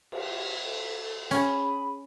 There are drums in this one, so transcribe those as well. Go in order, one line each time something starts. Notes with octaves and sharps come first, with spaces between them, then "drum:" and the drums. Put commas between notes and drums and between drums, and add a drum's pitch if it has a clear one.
G4, drum: cymbal
A4
C#4 G#4 G#5 B5, drum: hi-hat